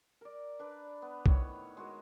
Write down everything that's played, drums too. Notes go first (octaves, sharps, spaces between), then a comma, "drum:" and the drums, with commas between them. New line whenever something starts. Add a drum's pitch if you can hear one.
A#4 D5
D4 B4 D5
B3
A2 D#3 C#5, drum: kick
G#3 F#4 A#4